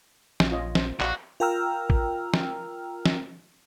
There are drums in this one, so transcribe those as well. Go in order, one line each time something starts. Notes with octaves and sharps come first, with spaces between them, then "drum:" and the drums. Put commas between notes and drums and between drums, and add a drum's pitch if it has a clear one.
A#1, drum: snare
F4 C#5 D#5
C5, drum: snare
A#1 F#4 D5 F5, drum: clap
F4 A#4 G5 A#5 E6 F6
drum: kick
drum: snare
drum: snare